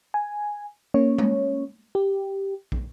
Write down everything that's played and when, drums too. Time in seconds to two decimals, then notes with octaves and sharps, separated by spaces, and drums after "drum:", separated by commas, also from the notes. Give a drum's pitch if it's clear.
0.14 G#5
0.94 A#3 C#4 C#5
1.18 drum: tom G#3
1.95 G4
2.72 drum: kick